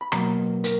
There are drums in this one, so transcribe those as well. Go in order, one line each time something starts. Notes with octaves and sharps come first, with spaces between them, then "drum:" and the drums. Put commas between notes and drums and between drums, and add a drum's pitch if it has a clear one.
B5
B2 F#3 A#3 A#5, drum: rim click
A#4, drum: hi-hat